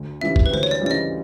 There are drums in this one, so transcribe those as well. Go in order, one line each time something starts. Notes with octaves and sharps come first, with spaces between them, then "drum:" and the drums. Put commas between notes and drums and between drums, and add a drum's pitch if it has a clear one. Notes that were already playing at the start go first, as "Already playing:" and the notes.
Already playing: D2
C#3 E3 G3 E5
drum: kick G1
B4
D2 C5
C#5
D5
C#3 E3 G3 D5
D#5